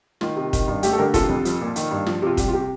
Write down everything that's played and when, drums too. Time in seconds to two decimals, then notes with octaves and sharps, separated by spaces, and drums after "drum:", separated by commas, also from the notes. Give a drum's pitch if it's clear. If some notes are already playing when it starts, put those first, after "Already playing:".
0.21 D#3 F4, drum: snare
0.36 C3
0.53 D#3, drum: kick, hi-hat
0.68 G2
0.83 A3 G4, drum: hi-hat
0.93 A4
0.98 D3 G4 A#4
1.14 C3 F4 A4, drum: kick, hi-hat
1.29 F2
1.45 F3, drum: hi-hat
1.61 A#2
1.76 D#3, drum: hi-hat
1.91 G2
2.06 F3, drum: snare
2.22 C3 F4
2.37 G3 G4, drum: kick, hi-hat
2.48 F4
2.53 C3 G4